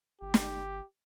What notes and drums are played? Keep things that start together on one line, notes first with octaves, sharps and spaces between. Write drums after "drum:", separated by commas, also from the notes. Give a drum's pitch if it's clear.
G1 G4
drum: snare